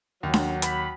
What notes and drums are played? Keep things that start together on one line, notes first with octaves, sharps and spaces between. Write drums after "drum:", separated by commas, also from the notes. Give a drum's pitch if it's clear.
D#2 F#3
drum: snare D4
B5, drum: hi-hat